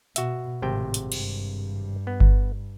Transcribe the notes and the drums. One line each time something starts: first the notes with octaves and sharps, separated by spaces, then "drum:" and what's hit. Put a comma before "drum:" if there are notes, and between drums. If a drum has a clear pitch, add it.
B2 F#4 E5, drum: hi-hat
G#1 A2 C3 G5
drum: hi-hat
G2, drum: cymbal
B3
drum: kick G1